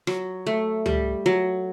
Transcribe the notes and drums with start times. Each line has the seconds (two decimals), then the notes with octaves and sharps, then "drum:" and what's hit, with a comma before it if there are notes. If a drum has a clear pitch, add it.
0.07 F#3, drum: rim click
0.46 A3
0.86 G3, drum: tom C#2
1.26 F#3